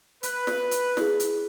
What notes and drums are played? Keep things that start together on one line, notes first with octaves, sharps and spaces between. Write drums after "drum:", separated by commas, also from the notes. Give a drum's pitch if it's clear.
B4, drum: hi-hat
drum: snare
drum: hi-hat
E4 G#4, drum: snare
drum: hi-hat